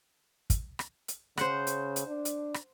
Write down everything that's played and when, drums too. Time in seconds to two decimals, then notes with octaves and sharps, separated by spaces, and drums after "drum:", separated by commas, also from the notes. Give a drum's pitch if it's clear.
0.50 drum: kick, hi-hat
0.79 drum: rim click
1.08 drum: hi-hat
1.37 C#3 C5 F#5, drum: rim click
1.67 drum: hi-hat
1.96 drum: hi-hat
2.07 D4
2.25 drum: hi-hat
2.54 drum: rim click